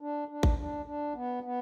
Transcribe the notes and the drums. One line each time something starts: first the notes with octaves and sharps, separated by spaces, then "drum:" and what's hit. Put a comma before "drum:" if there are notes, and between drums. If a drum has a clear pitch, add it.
D4
D4
drum: kick
D4
D4
B3
B3